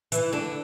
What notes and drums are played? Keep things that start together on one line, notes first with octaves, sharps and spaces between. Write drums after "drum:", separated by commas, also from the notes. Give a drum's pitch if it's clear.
E3 E4, drum: hi-hat
D3 D4